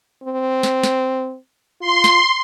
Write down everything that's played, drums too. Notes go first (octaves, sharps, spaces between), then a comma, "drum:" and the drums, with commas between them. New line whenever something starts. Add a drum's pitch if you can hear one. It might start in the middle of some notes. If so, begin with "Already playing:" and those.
C4
drum: snare
drum: snare
F4 C6
drum: snare